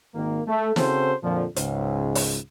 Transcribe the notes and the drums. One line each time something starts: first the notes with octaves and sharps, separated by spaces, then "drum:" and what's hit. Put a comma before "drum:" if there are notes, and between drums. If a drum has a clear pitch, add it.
G#1 D#3 A#3
A3
C#3 C4 F#4 A4 C5, drum: snare
F2 A#2 D3 F3
C#2 G#2, drum: hi-hat
drum: open hi-hat